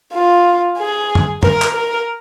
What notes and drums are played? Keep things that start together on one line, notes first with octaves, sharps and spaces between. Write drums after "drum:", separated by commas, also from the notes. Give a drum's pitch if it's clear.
F4
G#4
drum: tom
A#4, drum: tom
drum: clap
A#4